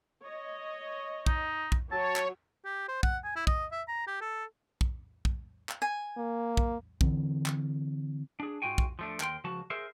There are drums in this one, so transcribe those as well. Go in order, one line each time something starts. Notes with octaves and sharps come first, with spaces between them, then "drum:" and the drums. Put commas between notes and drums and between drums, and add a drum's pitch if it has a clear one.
C#5 D#5
D#4, drum: kick
drum: kick
F#3 C#5 A5
drum: clap
G4
C5
F#5, drum: kick
G#5
E4
D#5, drum: kick
E5
A#5
G4
A4
drum: kick
drum: kick
drum: clap
G#5
A#3
drum: kick
D3 E3 C4, drum: kick
drum: clap
D4 G#4
G#2 F3 F4 F#4 G5 G#5
drum: kick
F3 A3 D4
D#2 A#4 G5 C6, drum: clap
C#2 F3 F#4 A5
G#4 A#4 C5 E5